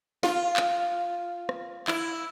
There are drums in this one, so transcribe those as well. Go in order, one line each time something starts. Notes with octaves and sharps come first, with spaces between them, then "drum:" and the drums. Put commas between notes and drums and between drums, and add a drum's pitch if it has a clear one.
F4, drum: snare
drum: clap
drum: rim click
E4, drum: clap